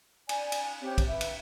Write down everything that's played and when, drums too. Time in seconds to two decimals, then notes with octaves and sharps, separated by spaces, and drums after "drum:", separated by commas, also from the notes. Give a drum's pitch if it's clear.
0.29 D5 G#5, drum: cymbal
0.52 drum: cymbal
0.81 C4 G4 C#5
0.98 drum: kick, cymbal
1.07 B4 E5
1.21 drum: cymbal